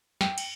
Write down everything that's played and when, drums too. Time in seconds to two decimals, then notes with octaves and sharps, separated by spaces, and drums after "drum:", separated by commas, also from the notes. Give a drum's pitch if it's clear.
0.21 G5, drum: snare
0.38 drum: cymbal